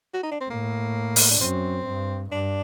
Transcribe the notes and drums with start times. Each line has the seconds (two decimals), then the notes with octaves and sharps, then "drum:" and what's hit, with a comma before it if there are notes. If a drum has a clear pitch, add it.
0.14 F#4
0.23 D#4
0.31 D4
0.41 C4
0.50 A2 A#3
1.16 drum: open hi-hat
1.31 D4
1.40 F#2 C4
1.87 G2
2.31 G2 D4